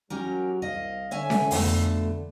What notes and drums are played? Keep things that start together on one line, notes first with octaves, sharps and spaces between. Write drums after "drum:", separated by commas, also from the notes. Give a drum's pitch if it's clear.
F#3 C#4 G4 A#4
C2 D#5 F5
D3 C#5 E5 G#5
drum: snare C#4
F2 B2 A3, drum: open hi-hat